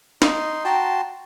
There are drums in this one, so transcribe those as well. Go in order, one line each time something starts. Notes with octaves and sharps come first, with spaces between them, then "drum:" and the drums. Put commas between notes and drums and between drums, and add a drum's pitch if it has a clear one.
D#4 C6, drum: snare
F#4 G5 A5 A#5 C6